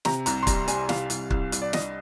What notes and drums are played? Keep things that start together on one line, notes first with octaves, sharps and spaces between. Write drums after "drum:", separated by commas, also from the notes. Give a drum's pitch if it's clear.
C3 A#5, drum: snare
C2 A#5, drum: hi-hat
C6
G3 A#5, drum: kick, hi-hat
G3 G#5, drum: hi-hat
C2 F5, drum: snare
C2, drum: hi-hat
C2, drum: kick
C2, drum: hi-hat
D5
D4 D#5, drum: snare